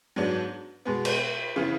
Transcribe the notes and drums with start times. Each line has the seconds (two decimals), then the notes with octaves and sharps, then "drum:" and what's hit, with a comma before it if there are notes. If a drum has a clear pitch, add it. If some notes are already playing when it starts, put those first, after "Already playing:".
0.16 G#2 F#3 B3 D4
0.85 B2 G#3 B3
1.05 drum: cymbal
1.56 C#3 E3 B3